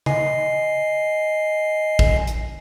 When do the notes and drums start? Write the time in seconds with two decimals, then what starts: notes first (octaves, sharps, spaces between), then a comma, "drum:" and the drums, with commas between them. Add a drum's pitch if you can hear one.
0.06 D#5 G#5 C7, drum: tom
1.99 drum: kick
2.27 drum: hi-hat